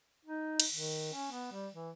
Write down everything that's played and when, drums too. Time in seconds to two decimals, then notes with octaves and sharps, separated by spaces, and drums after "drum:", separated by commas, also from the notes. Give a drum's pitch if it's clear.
0.25 D#4
0.60 drum: cymbal
0.73 D#3
1.13 C#4
1.31 B3
1.52 G3
1.74 E3